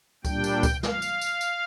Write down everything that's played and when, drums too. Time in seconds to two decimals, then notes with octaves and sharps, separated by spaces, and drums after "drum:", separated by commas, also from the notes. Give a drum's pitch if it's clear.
0.25 A#2 G3 D4 G5, drum: kick C#2, tambourine
0.44 drum: tambourine
0.63 drum: kick C#2, tambourine
0.83 F5, drum: snare
1.02 drum: tambourine
1.21 drum: tambourine
1.41 drum: tambourine